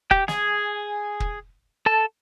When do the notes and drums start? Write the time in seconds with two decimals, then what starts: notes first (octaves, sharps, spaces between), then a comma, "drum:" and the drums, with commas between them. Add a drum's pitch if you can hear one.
0.11 G4 G5, drum: kick
0.28 G#4 G#5, drum: snare
1.20 drum: kick
1.86 A4 A5